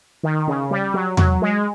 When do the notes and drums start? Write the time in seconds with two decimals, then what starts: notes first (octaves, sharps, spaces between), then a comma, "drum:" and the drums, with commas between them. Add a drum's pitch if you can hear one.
0.23 D#3
0.48 C#3
0.71 G3
0.94 F#3
1.17 F#3, drum: tom E2
1.42 G#3